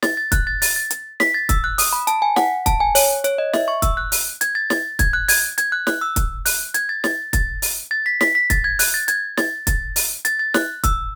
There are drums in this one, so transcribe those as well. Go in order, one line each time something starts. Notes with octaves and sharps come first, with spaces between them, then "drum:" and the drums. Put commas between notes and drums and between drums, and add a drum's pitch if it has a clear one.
A6, drum: snare
A6
F#6, drum: kick, hi-hat
A6
A6, drum: open hi-hat
A6
drum: hi-hat
B6, drum: snare
A6
E6, drum: kick, hi-hat
F#6
D#6, drum: open hi-hat
B5
A5, drum: hi-hat
G#5
F#5, drum: snare
A5, drum: kick, hi-hat
G#5
C#5, drum: open hi-hat
C#5, drum: hi-hat
D#5
E5, drum: snare
C#6
E6, drum: kick, hi-hat
F#6
drum: open hi-hat
G#6, drum: hi-hat
A6
A6, drum: snare
G#6, drum: kick, hi-hat
F#6
G#6, drum: open hi-hat
G#6, drum: hi-hat
F#6
F#6, drum: snare
E6
drum: kick, hi-hat
F#6, drum: open hi-hat
G#6, drum: hi-hat
A6
A6, drum: snare
A6, drum: kick, hi-hat
drum: open hi-hat
A6
B6
B6, drum: snare
B6
A6, drum: kick, hi-hat
G#6
F#6, drum: open hi-hat
A6
G#6, drum: hi-hat
A6, drum: snare
A6, drum: kick, hi-hat
drum: open hi-hat
A6, drum: hi-hat
A6
F#6, drum: snare
E6, drum: kick, hi-hat